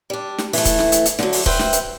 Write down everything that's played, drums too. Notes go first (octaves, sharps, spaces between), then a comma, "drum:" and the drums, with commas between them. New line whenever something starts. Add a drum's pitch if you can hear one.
G3 D4
drum: snare
E3 A3, drum: open hi-hat
drum: kick, hi-hat
drum: snare
drum: hi-hat
drum: hi-hat
D3 F#3, drum: snare
drum: open hi-hat
B4 C5 E5 G5, drum: kick
drum: snare
drum: hi-hat